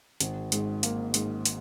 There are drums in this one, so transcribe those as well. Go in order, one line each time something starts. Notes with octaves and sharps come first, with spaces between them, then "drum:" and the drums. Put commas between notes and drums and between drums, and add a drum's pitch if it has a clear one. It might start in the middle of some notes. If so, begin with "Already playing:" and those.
G#1, drum: hi-hat
G#2, drum: hi-hat
A#3, drum: hi-hat
G#2, drum: hi-hat
drum: hi-hat